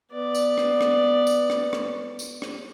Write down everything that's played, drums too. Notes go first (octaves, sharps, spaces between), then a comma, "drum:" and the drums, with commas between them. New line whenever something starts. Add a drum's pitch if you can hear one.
B3 D5
drum: tambourine
drum: rim click
drum: rim click
drum: tambourine
drum: rim click
drum: rim click
drum: tambourine
drum: rim click